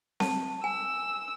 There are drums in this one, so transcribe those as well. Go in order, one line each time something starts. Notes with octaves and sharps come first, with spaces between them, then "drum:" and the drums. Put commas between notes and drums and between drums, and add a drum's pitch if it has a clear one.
A5, drum: snare C4
G#5 E6